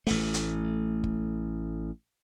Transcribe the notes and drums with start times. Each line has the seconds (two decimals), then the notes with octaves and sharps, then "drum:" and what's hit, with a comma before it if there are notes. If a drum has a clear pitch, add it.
0.07 A1 A3, drum: open hi-hat
0.34 drum: hi-hat
1.04 drum: kick